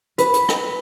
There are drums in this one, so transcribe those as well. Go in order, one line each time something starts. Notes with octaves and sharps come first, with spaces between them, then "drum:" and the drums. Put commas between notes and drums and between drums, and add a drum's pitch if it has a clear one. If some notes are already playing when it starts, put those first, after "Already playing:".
B4, drum: hi-hat
drum: hi-hat
drum: rim click